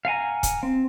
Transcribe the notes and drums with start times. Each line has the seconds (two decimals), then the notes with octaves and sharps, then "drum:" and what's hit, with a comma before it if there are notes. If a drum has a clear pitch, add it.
0.05 F5 F#5 G#5 A#5
0.43 drum: kick, hi-hat
0.63 C4